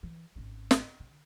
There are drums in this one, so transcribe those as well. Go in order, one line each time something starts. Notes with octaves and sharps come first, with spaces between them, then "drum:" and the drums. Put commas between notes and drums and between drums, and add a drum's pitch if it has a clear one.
E3
G#1 C#4
drum: snare
D3